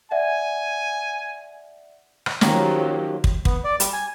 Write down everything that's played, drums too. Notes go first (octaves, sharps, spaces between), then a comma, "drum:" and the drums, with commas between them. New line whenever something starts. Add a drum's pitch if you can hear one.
D5 E5 F#5 G#5
drum: rim click
D#3 F3 F#3 A#3 C#4 G4, drum: snare
drum: kick
B3, drum: kick
D5
G3, drum: hi-hat
G#5